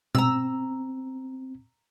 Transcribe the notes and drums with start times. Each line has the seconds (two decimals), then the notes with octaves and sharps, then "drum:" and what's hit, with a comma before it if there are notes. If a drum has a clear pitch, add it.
0.15 C4 A#5 E6, drum: tom B2